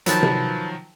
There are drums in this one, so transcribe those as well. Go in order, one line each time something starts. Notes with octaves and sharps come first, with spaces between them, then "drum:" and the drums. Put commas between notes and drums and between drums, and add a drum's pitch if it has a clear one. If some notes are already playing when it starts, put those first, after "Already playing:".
D#3 F3 F#3 B4 A5, drum: hi-hat
drum: tom C3